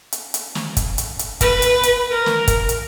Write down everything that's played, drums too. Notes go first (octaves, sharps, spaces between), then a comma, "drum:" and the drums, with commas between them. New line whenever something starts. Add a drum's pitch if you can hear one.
drum: hi-hat
drum: hi-hat
drum: snare
drum: kick, hi-hat
drum: hi-hat
drum: hi-hat
B4, drum: kick, hi-hat
drum: hi-hat
drum: hi-hat
A#4
drum: snare
drum: kick, hi-hat
drum: hi-hat